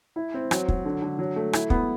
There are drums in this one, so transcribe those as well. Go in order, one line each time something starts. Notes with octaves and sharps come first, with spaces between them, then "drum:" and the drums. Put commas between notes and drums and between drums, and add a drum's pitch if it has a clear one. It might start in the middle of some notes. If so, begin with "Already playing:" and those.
E4
C4
F#3, drum: rim click
F#3, drum: kick
D3
D3
F#3
A3
E4, drum: rim click
B3, drum: kick